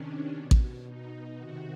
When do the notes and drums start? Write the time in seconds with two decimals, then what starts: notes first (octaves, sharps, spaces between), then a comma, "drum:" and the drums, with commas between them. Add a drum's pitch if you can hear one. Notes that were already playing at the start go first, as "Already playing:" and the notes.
Already playing: C3 D#3 C#4 D4
0.34 B2
0.51 drum: kick A1
0.85 D#4
1.36 C3 D#3 F#4